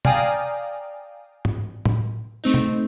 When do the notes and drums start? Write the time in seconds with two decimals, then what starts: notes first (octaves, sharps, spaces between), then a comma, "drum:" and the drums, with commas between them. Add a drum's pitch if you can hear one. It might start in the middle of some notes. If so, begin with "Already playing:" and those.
0.05 D5 F5 G5 G#5 A#5 D#6, drum: tom
1.45 drum: tom G#2
1.86 drum: tom A2
2.44 A3 C4 D#4
2.54 drum: tom